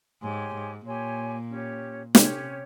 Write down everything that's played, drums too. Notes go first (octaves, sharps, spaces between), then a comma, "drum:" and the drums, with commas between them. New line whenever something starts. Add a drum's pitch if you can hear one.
G#2 G4 C#5 G#5 C6
G#2
A#2 G4 C#5 G#5 C6
C#4 G4 C#5
C3 C#4 G4 C#5, drum: snare